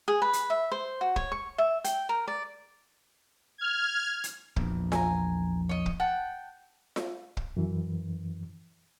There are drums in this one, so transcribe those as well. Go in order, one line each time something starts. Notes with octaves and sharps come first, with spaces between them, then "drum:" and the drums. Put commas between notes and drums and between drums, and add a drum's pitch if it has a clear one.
G#4
B4
drum: hi-hat
E5
C5
F#4
C#5, drum: kick
C#6
E5
G5, drum: hi-hat
A#4
D5
F6 G#6
drum: hi-hat
A#1 E2, drum: kick
G#5 A#5, drum: snare F4
C#5 D#5
drum: kick
F#5 G5 A5
drum: snare F4
drum: kick
F#2 E3